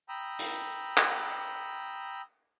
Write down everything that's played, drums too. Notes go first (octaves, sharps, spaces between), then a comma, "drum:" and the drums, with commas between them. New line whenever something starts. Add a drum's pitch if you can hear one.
G5 A#5 B5 D#6 E6
drum: hi-hat
drum: clap